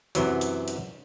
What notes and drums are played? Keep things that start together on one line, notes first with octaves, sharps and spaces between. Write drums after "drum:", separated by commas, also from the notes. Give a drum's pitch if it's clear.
F#2 C3 E3 F#3, drum: hi-hat
drum: hi-hat
drum: hi-hat